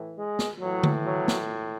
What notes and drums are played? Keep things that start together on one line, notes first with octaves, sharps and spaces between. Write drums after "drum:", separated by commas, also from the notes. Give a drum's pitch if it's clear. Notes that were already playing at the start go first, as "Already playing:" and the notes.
Already playing: A2 E3
G#3
drum: snare
A2 E3 F#3
drum: tom D3
F#3
drum: snare